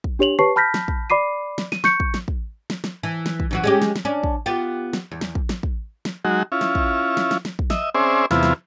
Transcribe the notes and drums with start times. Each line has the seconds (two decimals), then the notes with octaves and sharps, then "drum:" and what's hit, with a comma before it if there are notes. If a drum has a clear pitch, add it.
0.04 drum: kick
0.19 D4 G4 C#5 F7 F#7
0.39 G4 B4 C#5 A5 C#6 C7
0.56 A5 B5 F6 G6 A#6 B6
0.74 drum: snare
0.88 drum: kick
1.10 D5 B5 D6 C7 D#7
1.58 drum: snare
1.72 D#7, drum: snare
1.84 C#6 G6 C#7, drum: snare
2.00 drum: kick
2.14 drum: snare
2.28 drum: kick
2.70 drum: snare
2.84 drum: snare
3.03 E3
3.26 drum: snare
3.40 drum: kick
3.51 F#2 E3 F#4
3.64 G#3 C#4 G4
3.82 drum: snare
3.96 drum: snare
4.05 C#4 D4
4.24 drum: kick
4.46 B3 F4 G4
4.93 drum: snare
5.11 E2
5.21 drum: snare
5.35 drum: kick
5.49 drum: snare
5.63 drum: kick
6.05 drum: snare
6.25 F#3 G#3 D#4 F#4
6.52 C#4 E4 F4
6.61 drum: snare
6.75 drum: kick
7.17 drum: snare
7.31 drum: snare
7.45 drum: snare
7.59 drum: kick
7.70 D#5 E5, drum: snare
7.95 C4 C#4 G#4 C5 D5 E5
8.31 E2 C3 B3 E4 F4, drum: snare
8.43 drum: snare